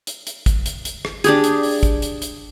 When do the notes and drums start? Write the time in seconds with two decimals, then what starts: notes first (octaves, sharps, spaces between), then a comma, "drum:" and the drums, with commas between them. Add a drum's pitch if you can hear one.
0.07 drum: hi-hat
0.27 drum: hi-hat
0.46 drum: kick, hi-hat
0.66 drum: hi-hat
0.85 drum: hi-hat
1.05 drum: rim click
1.24 D4 G4 G#4, drum: hi-hat
1.44 drum: hi-hat
1.63 drum: open hi-hat
1.83 drum: kick, hi-hat
2.02 drum: hi-hat
2.22 drum: hi-hat